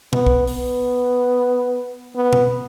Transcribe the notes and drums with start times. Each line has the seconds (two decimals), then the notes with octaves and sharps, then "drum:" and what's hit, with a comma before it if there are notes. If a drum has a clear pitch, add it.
0.13 B3, drum: tom B2
0.27 drum: kick
0.47 B3, drum: open hi-hat
2.16 B3
2.33 drum: tom B2